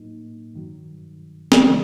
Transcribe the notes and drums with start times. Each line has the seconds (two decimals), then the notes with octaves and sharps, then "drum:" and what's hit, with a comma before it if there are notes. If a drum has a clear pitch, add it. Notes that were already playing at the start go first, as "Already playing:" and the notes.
Already playing: A2 F#3 A#3 D#4
0.54 G2 D#3 F#3
1.52 drum: snare
1.63 C#3 E3 G#3